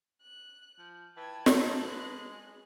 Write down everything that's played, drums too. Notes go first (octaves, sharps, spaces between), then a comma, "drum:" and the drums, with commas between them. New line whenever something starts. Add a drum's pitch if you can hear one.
F#6
F3
E3 G5 A5 G#6
D#4 F#6, drum: snare
G#3 B4
G#4